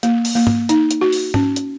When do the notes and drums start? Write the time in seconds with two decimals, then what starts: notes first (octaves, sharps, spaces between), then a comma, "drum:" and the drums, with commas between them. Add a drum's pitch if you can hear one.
0.03 A#3, drum: hi-hat
0.25 drum: open hi-hat
0.35 A#3
0.47 drum: tom G#2
0.69 D#4, drum: hi-hat
0.91 drum: hi-hat
1.01 F#4
1.13 drum: open hi-hat
1.34 C#4, drum: tom G#2
1.56 drum: hi-hat